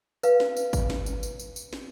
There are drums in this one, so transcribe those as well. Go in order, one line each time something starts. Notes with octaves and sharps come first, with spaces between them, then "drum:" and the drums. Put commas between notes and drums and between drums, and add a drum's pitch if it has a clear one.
B4 F5, drum: tambourine
drum: snare
drum: tambourine
drum: kick, tambourine
drum: snare
drum: tambourine
drum: tambourine
drum: tambourine
drum: tambourine
drum: snare